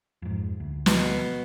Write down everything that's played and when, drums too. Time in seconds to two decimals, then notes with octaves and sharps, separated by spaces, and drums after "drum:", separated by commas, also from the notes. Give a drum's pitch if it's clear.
0.22 F2 G#2
0.60 D2
0.86 B2 B4, drum: snare